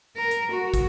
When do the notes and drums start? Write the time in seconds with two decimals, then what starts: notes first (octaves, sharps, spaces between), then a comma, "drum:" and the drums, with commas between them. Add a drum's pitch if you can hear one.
0.17 A#4
0.31 drum: hi-hat
0.52 F#4
0.74 drum: kick, hi-hat